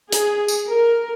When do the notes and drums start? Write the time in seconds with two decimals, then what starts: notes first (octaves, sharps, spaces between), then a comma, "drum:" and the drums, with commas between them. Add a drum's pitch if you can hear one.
0.12 G#4, drum: hi-hat
0.48 drum: tambourine
0.71 A#4